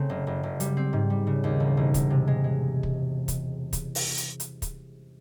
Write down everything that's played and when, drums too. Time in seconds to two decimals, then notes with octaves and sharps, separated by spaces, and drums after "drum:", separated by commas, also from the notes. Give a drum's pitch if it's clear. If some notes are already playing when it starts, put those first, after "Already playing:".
Already playing: C#3 A3 C4
0.09 F#1
0.27 F#1
0.43 F#1
0.60 G3, drum: hi-hat
0.77 C4
0.93 G#2
1.10 G3
1.27 C#3
1.44 D#2
1.60 E1
1.77 E1
1.94 G#3, drum: kick, hi-hat
2.10 C3
2.27 G#3
2.44 G#3
2.83 drum: kick
3.28 drum: kick, hi-hat
3.73 drum: kick, hi-hat
3.95 drum: open hi-hat
4.17 drum: hi-hat
4.40 drum: hi-hat
4.62 drum: kick, hi-hat